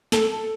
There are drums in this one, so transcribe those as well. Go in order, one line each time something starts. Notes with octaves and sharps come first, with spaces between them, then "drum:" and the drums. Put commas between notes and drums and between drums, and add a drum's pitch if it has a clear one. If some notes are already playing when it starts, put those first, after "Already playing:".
A4, drum: snare